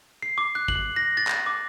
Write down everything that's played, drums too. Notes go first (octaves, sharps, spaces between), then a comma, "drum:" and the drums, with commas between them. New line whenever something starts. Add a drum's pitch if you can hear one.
C7
D6
F#6
F#7, drum: kick
A#6
A6
drum: clap
D6